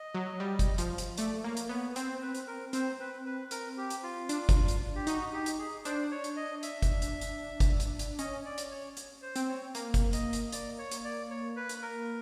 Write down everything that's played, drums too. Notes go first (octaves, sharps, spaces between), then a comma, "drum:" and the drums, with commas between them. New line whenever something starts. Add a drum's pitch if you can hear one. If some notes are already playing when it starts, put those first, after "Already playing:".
Already playing: D#5
F#3
G3
drum: kick G1, hi-hat
F3, drum: hi-hat
drum: hi-hat
A3 D5, drum: hi-hat
A#3 C#5
drum: hi-hat
B3 C#5
C4 C5, drum: hi-hat
B4
drum: hi-hat
A#4
C4 C5, drum: hi-hat
B4
B4
A#4, drum: hi-hat
G4
drum: hi-hat
F4
D4, drum: hi-hat
drum: kick G1, hi-hat
drum: hi-hat
G4
D#4 F#4, drum: hi-hat
G4
drum: hi-hat
G#4
D4 C5, drum: hi-hat
C#5
drum: hi-hat
D#5
E5, drum: hi-hat
drum: kick G1, hi-hat
drum: hi-hat
drum: hi-hat
drum: kick G1, hi-hat
drum: hi-hat
drum: hi-hat
C#4 D#5, drum: hi-hat
D5
drum: hi-hat
C#5
drum: hi-hat
C5
C4, drum: hi-hat
C#5
A#3, drum: hi-hat
drum: kick G1, hi-hat
D#5, drum: hi-hat
drum: hi-hat
D5, drum: hi-hat
C#5
drum: hi-hat
D5
C#5
B4
drum: hi-hat
A#4